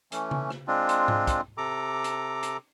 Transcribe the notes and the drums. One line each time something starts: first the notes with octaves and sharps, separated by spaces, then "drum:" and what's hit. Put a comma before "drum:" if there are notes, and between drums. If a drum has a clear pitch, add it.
E3 A3 C#4, drum: hi-hat
drum: tom C#3
drum: rim click
G#3 C4 D4 F4
drum: hi-hat
drum: tom G#2
drum: kick, hi-hat
C3 A4 A#5 D6
drum: hi-hat
drum: hi-hat